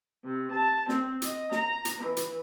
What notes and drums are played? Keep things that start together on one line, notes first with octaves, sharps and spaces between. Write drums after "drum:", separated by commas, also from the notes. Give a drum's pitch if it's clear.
C3
A5
C4, drum: snare
D#5, drum: hi-hat
A#5, drum: snare
drum: hi-hat
E3
drum: hi-hat